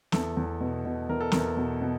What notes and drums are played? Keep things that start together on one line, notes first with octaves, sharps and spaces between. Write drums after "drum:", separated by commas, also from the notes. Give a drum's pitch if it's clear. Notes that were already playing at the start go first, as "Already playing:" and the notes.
E2 A4, drum: snare
E2
B2
B2
E2 A#4
A4
E2 A#4, drum: snare
B2
B2